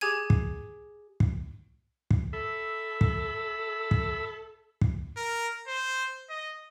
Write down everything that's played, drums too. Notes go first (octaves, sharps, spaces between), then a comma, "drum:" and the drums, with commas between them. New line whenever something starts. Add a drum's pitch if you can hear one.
G4 G#4 G#5 G#6 D#7
drum: kick
drum: kick
drum: kick
A4 E5 B5
drum: kick
drum: kick
drum: kick
A#4
C5
D#5